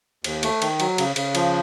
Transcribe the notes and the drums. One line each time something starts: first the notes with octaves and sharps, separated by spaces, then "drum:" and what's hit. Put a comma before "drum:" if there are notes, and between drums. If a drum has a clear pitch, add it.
D#2, drum: cymbal
A3, drum: cymbal
D#3, drum: cymbal
F#3, drum: cymbal
C#3, drum: cymbal
C#3, drum: cymbal
F3, drum: cymbal